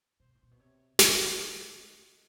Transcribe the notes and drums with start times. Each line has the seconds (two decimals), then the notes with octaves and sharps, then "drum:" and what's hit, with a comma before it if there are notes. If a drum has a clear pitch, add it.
0.20 B2 C5
0.35 A2
0.43 A#2
0.51 B2
0.59 C3 C#5
0.99 D3 D5, drum: snare
1.78 D#5